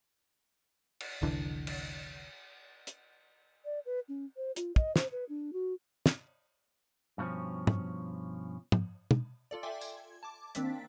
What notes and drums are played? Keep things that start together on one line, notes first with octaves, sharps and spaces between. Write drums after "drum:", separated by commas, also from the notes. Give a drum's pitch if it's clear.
drum: cymbal
F1 C2 D3 E3
drum: cymbal
drum: hi-hat
D5
B4
C#4
C5
F4, drum: hi-hat
D#5, drum: kick
C5, drum: snare
B4
D4
F#4
drum: snare
G2 B2 D#3 F3 C#4
drum: tom
drum: tom
drum: tom
F4 A4 D5
E5 G5 G#5 C6 D6
G#6, drum: tambourine
A5 D6
D#3 A#3 C4 D4 A6 B6, drum: hi-hat